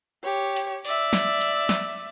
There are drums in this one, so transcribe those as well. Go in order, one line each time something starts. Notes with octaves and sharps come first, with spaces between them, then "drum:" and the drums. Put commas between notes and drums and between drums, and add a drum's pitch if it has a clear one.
G4 C#5
drum: hi-hat
D5 E5, drum: open hi-hat
drum: snare
drum: hi-hat
drum: snare